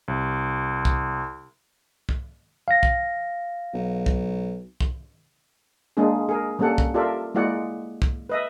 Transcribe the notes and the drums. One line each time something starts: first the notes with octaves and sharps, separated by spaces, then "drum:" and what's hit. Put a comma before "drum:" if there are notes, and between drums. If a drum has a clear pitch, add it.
C2
drum: kick
drum: kick
F5 A#6
drum: kick
B1
drum: kick
drum: kick
G#3 A#3 D4 D#4 G#4
G#4 A#4
G3 A#3 C#4 A4 F#5
drum: kick
F4 G4 A4 A#4 D5 E5
G#3 A#3 E4 F#4 D5 F#5
drum: kick
B4 D#5 E5